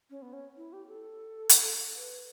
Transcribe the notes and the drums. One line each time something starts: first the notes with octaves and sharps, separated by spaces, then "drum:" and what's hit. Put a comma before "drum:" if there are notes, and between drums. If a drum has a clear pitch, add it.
C#4
B3
C#4
E4
G4
A4
drum: hi-hat
B4